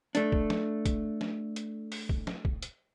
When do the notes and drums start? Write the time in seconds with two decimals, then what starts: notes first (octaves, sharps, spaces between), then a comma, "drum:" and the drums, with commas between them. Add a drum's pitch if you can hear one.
0.15 A3 D4, drum: hi-hat
0.32 drum: kick
0.50 drum: snare
0.86 drum: kick, hi-hat
1.21 drum: snare
1.56 drum: hi-hat
1.92 drum: open hi-hat
2.09 drum: kick
2.27 drum: snare
2.45 drum: kick
2.63 drum: hi-hat